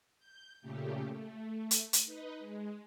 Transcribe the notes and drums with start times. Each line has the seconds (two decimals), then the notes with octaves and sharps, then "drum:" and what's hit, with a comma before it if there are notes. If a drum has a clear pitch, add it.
0.19 G6
0.62 A#2 C#3 A3 G4
1.13 A3
1.71 drum: hi-hat
1.93 drum: hi-hat
2.05 D#4 B4 D#5
2.39 G#3